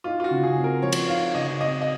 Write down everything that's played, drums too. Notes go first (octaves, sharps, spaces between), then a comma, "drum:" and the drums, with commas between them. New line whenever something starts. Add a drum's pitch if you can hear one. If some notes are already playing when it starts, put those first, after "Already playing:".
D#4 F4
F4
F#4
C#3
G#4
C4
A#4
F3 C#5
drum: cymbal
D#4 F5
C#3 D#5
C4 D#5
D#5